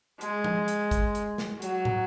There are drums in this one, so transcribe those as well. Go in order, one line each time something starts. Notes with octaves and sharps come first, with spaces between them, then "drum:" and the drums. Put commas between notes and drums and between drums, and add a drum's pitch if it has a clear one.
G#3, drum: hi-hat
drum: tom F3
drum: hi-hat
drum: kick, hi-hat
drum: hi-hat
drum: snare
F#3, drum: hi-hat
drum: tom